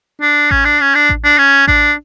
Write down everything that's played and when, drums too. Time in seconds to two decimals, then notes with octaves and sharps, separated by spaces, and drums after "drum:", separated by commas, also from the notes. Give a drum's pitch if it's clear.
0.21 D4
0.51 C#4, drum: kick A1
0.65 D4
0.81 C#4
0.95 D4
1.09 drum: kick A1
1.24 D4
1.38 C#4
1.68 D4, drum: kick A1